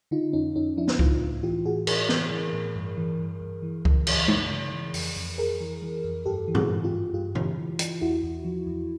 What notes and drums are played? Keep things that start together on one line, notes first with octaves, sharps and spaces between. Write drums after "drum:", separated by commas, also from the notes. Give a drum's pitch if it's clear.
D3 D#4 F4
F2 C#4 D#4
F2 C#4 D#4
F3 D4 E4
drum: snare
A2 D#4 F4, drum: kick C#2
A2
E3 F4 G4
A2 F#4 G#4
A2 G#4 A#4, drum: cymbal
E3, drum: snare
E3
A2
G2
E3
G2
G2
E3
E3, drum: kick C#2
E3, drum: cymbal
G2, drum: tom G#3
C#3
E3
F2, drum: open hi-hat
F2
F2 G#4 A#4
E3
E3
F2
G2 G4 A4
E3
F#4 G#4, drum: tom
E3
F4 G4
G2
G2 F4 G4
E3, drum: tom B2
E3
E3, drum: hi-hat
E2 E4 F#4
E2
F3
E2